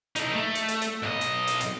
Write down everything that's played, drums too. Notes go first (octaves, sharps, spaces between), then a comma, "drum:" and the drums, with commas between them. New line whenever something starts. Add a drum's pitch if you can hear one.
D#4 A4, drum: hi-hat
A3
drum: hi-hat
drum: hi-hat
drum: hi-hat
B1 D#5
drum: hi-hat
drum: hi-hat
drum: hi-hat